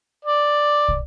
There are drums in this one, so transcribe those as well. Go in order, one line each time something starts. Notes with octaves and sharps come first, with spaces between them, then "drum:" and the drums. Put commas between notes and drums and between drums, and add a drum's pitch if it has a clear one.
D5
drum: kick